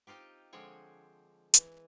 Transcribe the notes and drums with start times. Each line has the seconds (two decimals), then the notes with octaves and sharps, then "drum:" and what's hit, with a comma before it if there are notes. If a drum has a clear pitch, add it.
0.07 C4 D#4 F4 G4
0.53 D3 F3 G#3 C4 C#5
1.54 E3, drum: hi-hat